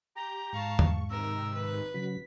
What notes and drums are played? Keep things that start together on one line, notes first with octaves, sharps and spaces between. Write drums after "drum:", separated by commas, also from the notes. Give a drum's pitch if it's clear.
G4 A#5 G6
G#2 F5 A5 C#6
drum: tom E2
C3 D#3 A#4 E6
B4
C#3 F#3 B6